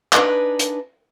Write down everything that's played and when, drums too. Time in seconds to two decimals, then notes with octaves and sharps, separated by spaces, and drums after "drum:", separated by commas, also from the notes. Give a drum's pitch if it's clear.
0.13 D4 D#4 B4 G#5, drum: clap
0.59 drum: hi-hat